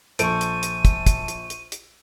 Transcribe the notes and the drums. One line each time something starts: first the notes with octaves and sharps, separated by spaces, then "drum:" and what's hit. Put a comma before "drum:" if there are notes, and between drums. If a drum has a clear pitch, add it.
A#1 A4 C5 C#6 D7 D#7, drum: hi-hat
drum: hi-hat
drum: hi-hat
drum: kick, hi-hat
drum: kick, hi-hat
drum: hi-hat
drum: hi-hat
drum: hi-hat